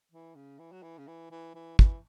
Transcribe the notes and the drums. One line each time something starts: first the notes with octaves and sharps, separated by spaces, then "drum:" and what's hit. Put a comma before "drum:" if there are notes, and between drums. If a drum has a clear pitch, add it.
E3
C#3
E3
F#3
E3
C#3
E3
E3
E3
E3, drum: kick